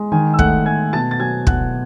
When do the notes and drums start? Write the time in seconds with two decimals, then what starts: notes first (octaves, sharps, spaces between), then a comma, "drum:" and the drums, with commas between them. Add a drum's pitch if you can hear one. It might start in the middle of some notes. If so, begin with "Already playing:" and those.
Already playing: G#3
0.12 D#3 G#5
0.34 E6
0.39 A3 F#5 F#6, drum: kick
0.65 A3 G#5 G#6
0.93 B2 A5 A6
1.11 A6
1.19 F#3 G#5 G#6
1.47 B2 F#5 F#6, drum: kick